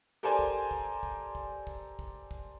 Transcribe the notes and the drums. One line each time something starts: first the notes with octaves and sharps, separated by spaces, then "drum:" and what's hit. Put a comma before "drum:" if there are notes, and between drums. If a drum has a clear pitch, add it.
G4 A4 A#4 C5 D5 G#5
drum: kick
drum: kick
drum: kick
drum: kick
drum: kick
drum: kick
drum: kick